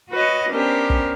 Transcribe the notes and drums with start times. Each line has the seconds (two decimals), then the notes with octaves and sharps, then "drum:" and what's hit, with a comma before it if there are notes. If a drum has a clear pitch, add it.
0.11 F#4 B4 C#5 D#5
0.51 B3 C#4 D4 G4 A#4 C5
0.90 drum: kick